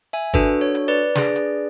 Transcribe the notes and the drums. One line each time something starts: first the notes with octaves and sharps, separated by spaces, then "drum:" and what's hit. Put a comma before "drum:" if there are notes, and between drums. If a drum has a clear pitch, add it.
E5 G#5
D4 F#4 A4 B4, drum: kick, hi-hat
C#5
drum: hi-hat
B4 D5
D4 G#4, drum: snare
drum: hi-hat